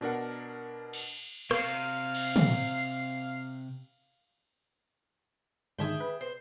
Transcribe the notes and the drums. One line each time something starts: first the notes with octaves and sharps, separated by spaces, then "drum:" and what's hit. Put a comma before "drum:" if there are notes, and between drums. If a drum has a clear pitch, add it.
B2 D4 A#4 F#5
drum: cymbal
C3 F5, drum: rim click
drum: cymbal
drum: tom
G#2 D3 D#3 G#4 E5 G5
B4
C5